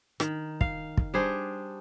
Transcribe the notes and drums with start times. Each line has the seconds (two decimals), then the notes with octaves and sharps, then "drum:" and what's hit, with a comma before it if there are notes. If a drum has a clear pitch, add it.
0.20 D#3, drum: rim click
0.61 F5, drum: kick
0.97 drum: kick
1.14 G3 D4 G#4 C5